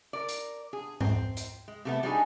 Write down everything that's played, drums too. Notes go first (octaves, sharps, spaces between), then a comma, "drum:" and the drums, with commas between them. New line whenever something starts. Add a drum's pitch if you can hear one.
A#4 D5
drum: hi-hat
G#4
C4, drum: tom G#2
drum: hi-hat
G#3
C3 A3 B3
G3 G#3 D4 D#4 F#4 G#4